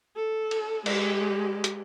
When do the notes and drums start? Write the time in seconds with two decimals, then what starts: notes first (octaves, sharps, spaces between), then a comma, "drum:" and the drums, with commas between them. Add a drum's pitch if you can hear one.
0.16 A4
0.51 drum: cymbal
0.86 G#3 G4, drum: cymbal
1.64 drum: hi-hat